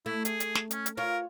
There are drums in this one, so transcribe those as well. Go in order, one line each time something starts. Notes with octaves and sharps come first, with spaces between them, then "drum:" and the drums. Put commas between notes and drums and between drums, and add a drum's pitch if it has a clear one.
A3 E4
G#4, drum: hi-hat
drum: hi-hat
drum: snare
C#4, drum: hi-hat
drum: hi-hat
F4 A#4 C#5